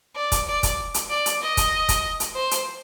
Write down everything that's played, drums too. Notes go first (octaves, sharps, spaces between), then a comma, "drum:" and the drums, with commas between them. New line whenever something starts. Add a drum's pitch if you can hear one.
D5
drum: kick, hi-hat
D5
drum: kick, hi-hat
drum: hi-hat
D5
drum: hi-hat
D#5
drum: kick, hi-hat
drum: kick, hi-hat
drum: hi-hat
C5
drum: hi-hat